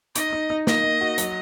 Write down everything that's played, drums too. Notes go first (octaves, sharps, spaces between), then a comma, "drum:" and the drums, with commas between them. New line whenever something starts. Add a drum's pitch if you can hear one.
D#4 D#5, drum: hi-hat
D#4
D#4
A#3 D#5, drum: snare
A#3
F#4
F#3, drum: hi-hat